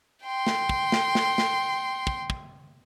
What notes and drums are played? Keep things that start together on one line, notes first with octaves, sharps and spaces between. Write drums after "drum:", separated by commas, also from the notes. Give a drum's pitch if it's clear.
G5 C6
drum: snare
drum: kick
drum: snare
drum: snare
drum: snare
drum: kick
drum: kick